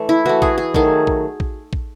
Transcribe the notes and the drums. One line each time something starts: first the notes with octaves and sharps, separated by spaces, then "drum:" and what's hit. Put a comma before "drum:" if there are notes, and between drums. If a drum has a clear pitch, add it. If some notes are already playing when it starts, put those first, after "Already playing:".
Already playing: E3 A3
E4
E3 A3 F#4
G#4, drum: kick
G#4
D#3 F#3 A3 G#4, drum: kick
drum: kick
drum: kick
drum: kick